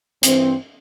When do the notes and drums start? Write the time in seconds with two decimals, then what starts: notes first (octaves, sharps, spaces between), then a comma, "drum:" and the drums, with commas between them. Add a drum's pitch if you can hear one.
0.23 G2 E3 C4, drum: hi-hat